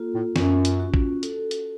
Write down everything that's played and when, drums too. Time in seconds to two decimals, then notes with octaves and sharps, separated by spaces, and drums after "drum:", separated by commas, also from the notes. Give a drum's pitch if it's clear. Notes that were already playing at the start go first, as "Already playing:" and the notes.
Already playing: A#3 F4 A4
0.14 A2
0.36 F#2 C#4, drum: snare
0.65 drum: hi-hat
0.80 F#4
0.94 drum: kick A1
1.23 A4, drum: hi-hat
1.51 drum: hi-hat